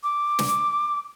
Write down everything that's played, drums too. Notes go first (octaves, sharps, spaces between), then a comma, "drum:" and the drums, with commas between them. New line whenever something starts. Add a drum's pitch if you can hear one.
D6
drum: snare